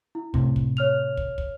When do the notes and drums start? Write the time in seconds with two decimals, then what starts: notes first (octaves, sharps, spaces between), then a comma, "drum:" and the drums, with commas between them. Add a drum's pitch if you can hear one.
0.15 E4
0.34 A2 C3, drum: kick
0.56 drum: kick
0.77 C#5 F6 F7
1.17 drum: kick
1.38 drum: kick